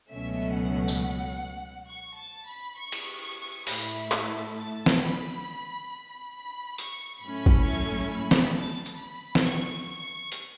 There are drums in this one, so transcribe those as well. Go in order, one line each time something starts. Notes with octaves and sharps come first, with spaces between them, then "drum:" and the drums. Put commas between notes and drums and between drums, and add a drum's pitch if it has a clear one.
C#2 B2 F#3 A3 C#4 E5
F#5
drum: tambourine
C#6
A5
B5
C#6
drum: cymbal
C#6
A2 A3 E4 B5, drum: open hi-hat
A5, drum: clap
A5
drum: snare B3
B5
B5
C#6, drum: hi-hat
A2 F#3 A3 C#4 E4 B5
drum: kick G#1
C#6
B5
drum: snare B3
A5
drum: hi-hat
B5
drum: snare B3
C#6
C#6
drum: hi-hat